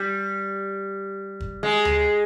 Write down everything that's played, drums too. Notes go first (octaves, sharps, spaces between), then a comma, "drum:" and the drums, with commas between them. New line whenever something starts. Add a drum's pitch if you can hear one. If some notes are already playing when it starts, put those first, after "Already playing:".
Already playing: G3
drum: kick
G#3
drum: tom D2